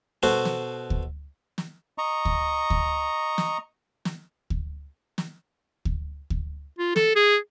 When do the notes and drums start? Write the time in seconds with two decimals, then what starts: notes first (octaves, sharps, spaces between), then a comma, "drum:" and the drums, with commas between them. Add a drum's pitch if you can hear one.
0.23 B2 F#4 A4 C5
0.45 drum: snare
0.90 drum: kick D2
1.58 drum: snare
1.98 D#5 A#5 C#6
2.25 drum: kick D2
2.70 drum: kick D2
3.38 drum: snare
4.05 drum: snare
4.50 drum: kick D2
5.18 drum: snare
5.85 drum: kick D2
6.30 drum: kick D2
6.79 F4
6.96 A4, drum: snare
7.16 G#4